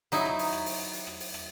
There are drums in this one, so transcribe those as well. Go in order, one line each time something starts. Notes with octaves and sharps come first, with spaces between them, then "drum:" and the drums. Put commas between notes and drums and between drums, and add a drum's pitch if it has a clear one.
F#3 D#4 E4, drum: hi-hat
drum: rim click
drum: open hi-hat
drum: rim click
drum: open hi-hat
drum: hi-hat
drum: rim click
drum: open hi-hat
drum: rim click